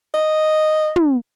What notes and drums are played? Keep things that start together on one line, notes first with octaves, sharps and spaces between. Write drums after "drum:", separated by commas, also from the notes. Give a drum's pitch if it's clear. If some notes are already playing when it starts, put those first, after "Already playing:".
D#5
drum: tom